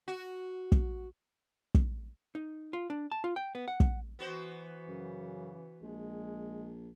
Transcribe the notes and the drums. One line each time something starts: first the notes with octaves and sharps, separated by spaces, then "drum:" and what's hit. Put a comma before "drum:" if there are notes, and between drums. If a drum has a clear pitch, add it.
F#4
drum: kick
drum: kick
D#4
F4
D4
A5
F4
G5
B3
F#5
drum: kick
E3 B3 F#4 C5
F#2 C#3
A#1 G#3